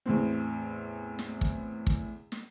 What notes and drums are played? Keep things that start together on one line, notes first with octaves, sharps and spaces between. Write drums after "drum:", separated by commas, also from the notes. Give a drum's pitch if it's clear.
E2 A2 C4
drum: snare
drum: kick
drum: kick
drum: snare